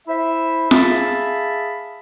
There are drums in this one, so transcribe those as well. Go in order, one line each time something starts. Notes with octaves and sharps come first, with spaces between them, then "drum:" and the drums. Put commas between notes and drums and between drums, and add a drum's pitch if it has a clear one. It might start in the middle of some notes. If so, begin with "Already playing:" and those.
E4 C5 E5
G#4 E5 F5 A5 B5, drum: snare F4